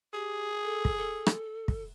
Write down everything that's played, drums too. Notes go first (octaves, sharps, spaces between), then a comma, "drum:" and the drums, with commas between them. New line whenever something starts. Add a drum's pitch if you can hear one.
G4 G#4
A4
drum: kick
A4
drum: rim click
drum: kick